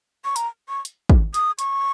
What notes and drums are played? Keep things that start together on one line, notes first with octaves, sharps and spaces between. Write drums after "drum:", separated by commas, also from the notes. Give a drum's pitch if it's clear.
C#6
A#5, drum: hi-hat
C#6
drum: hi-hat
drum: kick
D#6, drum: hi-hat
C#6, drum: hi-hat